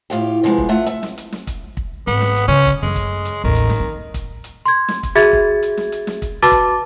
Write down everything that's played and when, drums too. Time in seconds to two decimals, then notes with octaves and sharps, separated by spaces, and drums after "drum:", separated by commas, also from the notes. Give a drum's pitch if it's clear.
0.10 A2 F4 G4
0.43 C3 F3 F#3 G#3 B3
0.58 drum: kick
0.69 A3 F4 E5 F#5 A5
0.86 E5, drum: hi-hat
1.03 drum: snare
1.18 drum: hi-hat
1.32 drum: snare
1.47 drum: kick, hi-hat
1.77 drum: kick
2.07 G#1 B3, drum: hi-hat
2.21 drum: snare
2.36 drum: hi-hat
2.48 C#3 C#4
2.66 drum: kick, hi-hat
2.83 F#2 G#3 A3
2.96 drum: kick, hi-hat
3.25 drum: hi-hat
3.44 A1 D#2 D#3
3.55 drum: hi-hat
3.70 drum: snare
3.80 A#3
4.14 drum: kick, hi-hat
4.44 drum: hi-hat
4.66 C6 G#6
4.88 drum: snare
5.03 drum: kick, hi-hat
5.15 F#4 G#4 E5 G#6 A6
5.33 drum: kick
5.63 drum: hi-hat
5.77 drum: snare
5.92 drum: hi-hat
6.07 drum: snare
6.22 drum: kick, hi-hat
6.42 F#4 B4 A5 D6 A6
6.52 drum: kick, hi-hat